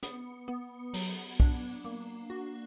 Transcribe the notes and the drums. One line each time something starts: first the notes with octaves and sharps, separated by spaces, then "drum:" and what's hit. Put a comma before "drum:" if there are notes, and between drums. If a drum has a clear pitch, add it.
B3, drum: hi-hat
B3
F#3, drum: open hi-hat
D4, drum: kick B1
A#3
F#4